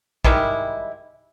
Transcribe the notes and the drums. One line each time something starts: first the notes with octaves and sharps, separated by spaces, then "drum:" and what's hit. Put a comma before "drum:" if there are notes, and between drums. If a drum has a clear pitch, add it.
D#3 G3 G#3 E4, drum: kick A#1